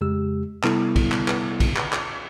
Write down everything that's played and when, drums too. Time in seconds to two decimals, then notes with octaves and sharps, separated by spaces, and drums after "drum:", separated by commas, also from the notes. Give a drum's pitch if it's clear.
0.01 F2 C#3 G#3 G4 E6
0.63 C3 G3 B3 E4 A4, drum: clap
0.96 drum: kick, cymbal
1.12 drum: clap
1.28 drum: clap
1.60 drum: kick, cymbal
1.76 drum: clap
1.93 drum: clap